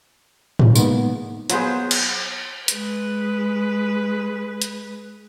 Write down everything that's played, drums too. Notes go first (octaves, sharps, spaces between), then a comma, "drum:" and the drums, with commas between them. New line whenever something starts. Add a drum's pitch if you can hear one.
drum: tom G#2
G#3 A#3 B3 D#4, drum: tambourine
F#3 B3 F4 G#4 C5, drum: hi-hat
drum: cymbal
G#3 B4, drum: hi-hat
drum: hi-hat